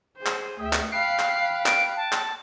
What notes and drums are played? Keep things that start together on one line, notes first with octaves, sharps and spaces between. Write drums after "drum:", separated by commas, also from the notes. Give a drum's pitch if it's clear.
G#4 C5
drum: clap
D2 G#4 E5 G5
drum: clap
F5 G5 B5 F#6 C7
drum: clap
D7, drum: clap
A5
drum: clap